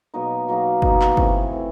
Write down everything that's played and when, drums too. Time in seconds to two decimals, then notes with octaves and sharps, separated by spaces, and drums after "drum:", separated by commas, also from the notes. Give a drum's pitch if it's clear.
0.14 B2 F#3 A#3 D#4
0.48 B2 F#3 A#3 D#4
0.82 B2 F#3 A#3 D#4, drum: kick
1.01 drum: clap
1.17 C3 E3 A3, drum: kick
1.52 C3 E3 A3